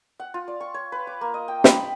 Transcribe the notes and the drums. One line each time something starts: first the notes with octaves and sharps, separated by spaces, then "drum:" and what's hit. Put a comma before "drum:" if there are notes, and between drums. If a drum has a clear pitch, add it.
F#5
F4
D5
C#6
C#5
B4
D6
A#3
D#5
G5
B5, drum: snare
G5